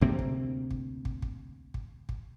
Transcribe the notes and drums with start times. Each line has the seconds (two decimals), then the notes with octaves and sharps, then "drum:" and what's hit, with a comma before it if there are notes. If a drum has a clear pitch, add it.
0.01 D2 C3 A#3 C4, drum: kick
0.19 drum: kick
0.71 drum: kick
1.05 drum: kick
1.22 drum: kick
1.74 drum: kick
2.09 drum: kick